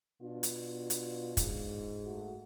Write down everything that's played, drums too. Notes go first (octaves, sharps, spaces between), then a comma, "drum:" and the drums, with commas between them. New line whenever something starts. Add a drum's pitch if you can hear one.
B2 D4 F4
drum: hi-hat
drum: hi-hat
G#2, drum: kick, hi-hat
A3 F#4